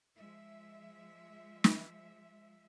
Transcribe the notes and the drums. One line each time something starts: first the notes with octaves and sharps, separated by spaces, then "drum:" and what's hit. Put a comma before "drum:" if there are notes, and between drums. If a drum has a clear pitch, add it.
F3 G#3 E5
drum: snare